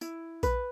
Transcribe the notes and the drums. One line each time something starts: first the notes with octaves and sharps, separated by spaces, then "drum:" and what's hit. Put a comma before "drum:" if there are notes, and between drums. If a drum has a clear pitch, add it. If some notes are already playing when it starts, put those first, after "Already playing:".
E4, drum: tambourine
B4, drum: kick A#1, tambourine